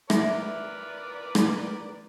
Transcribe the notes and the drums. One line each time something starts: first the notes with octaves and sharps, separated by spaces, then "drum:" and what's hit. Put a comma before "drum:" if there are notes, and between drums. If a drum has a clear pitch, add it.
A#4 B4 D5 E5, drum: rim click
drum: rim click